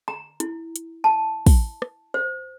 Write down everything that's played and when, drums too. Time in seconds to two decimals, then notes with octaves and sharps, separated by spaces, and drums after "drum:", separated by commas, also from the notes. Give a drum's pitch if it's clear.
0.08 A#5
0.40 E4, drum: hi-hat
0.76 drum: hi-hat
1.04 A5
1.47 drum: kick, open hi-hat
1.82 drum: rim click
2.14 C5